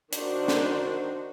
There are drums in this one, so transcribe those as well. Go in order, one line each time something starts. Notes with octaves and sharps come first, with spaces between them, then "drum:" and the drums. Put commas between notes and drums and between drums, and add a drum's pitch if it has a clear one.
D#3 D4 F#4 C5, drum: hi-hat
drum: snare